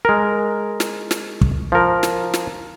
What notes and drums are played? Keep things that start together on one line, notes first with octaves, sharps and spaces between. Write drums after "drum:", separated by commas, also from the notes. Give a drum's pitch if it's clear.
G#3 A#4
drum: snare
drum: snare
drum: kick
F3 A#4
drum: snare
drum: snare